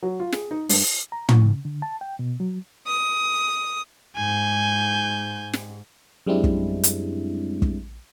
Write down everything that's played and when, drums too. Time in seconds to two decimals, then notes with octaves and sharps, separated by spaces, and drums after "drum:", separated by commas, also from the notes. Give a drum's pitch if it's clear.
0.03 F#3
0.20 F4
0.32 G#4, drum: snare
0.51 D#4
0.69 G2, drum: open hi-hat
1.12 A#5
1.29 C#6, drum: tom
1.44 C#3
1.65 D3
1.82 A5
2.01 G5
2.19 B2
2.40 F#3
2.87 D#6
4.16 G#2 G#5 G6
5.53 drum: snare
6.26 F#2 G3 G#3 C4 D4 E4
6.44 drum: kick
6.84 drum: hi-hat
7.62 drum: kick